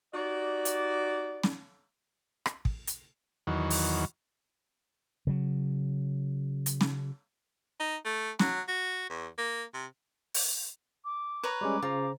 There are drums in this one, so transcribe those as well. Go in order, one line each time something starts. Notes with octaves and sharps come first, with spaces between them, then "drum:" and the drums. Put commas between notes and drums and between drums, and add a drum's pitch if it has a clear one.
D#4 F#4 G4 D5
drum: hi-hat
drum: snare
drum: rim click
drum: kick
drum: hi-hat
E2 D#3 F#3
drum: open hi-hat
C#3 F#3
drum: hi-hat
drum: snare
D#4
A3
F#3, drum: snare
F#4
E2
A#3
C3
drum: open hi-hat
D6
B4 C#5 A#5
G3 G#3 C#4 D6
C#3 F4 C5 A#5